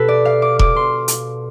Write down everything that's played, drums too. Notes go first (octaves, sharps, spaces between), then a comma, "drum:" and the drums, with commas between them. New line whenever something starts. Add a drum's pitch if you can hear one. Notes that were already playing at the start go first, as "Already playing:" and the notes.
Already playing: B2 G4 A4 B4
D5
F5
D6
D6, drum: kick E1
B2 C6
drum: hi-hat